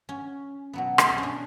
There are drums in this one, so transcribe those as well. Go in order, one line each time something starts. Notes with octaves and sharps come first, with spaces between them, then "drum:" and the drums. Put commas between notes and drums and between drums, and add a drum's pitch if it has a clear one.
C#4
B2 F#3 B3
drum: rim click
C#4
D4